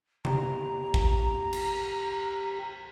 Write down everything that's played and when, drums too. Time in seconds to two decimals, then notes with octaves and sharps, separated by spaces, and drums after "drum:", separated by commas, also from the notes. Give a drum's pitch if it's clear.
0.25 G4 A#5, drum: tom C3
0.94 drum: kick A1
1.53 drum: cymbal